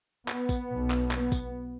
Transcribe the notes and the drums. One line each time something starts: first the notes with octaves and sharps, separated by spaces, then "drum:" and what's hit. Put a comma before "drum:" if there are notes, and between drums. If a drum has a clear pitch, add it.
B3, drum: clap
drum: kick, tambourine
B1 B2
drum: clap
B3, drum: clap
drum: kick, tambourine